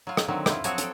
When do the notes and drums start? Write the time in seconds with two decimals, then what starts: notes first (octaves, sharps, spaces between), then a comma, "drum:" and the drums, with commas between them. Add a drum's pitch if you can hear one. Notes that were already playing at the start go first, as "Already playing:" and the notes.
0.07 F#3 F4
0.17 drum: rim click
0.28 D3 D#3 F#3 C4
0.46 E4 F4, drum: rim click
0.64 F3 F#3 C4 F#4 C#5, drum: hi-hat
0.78 A4 G5, drum: hi-hat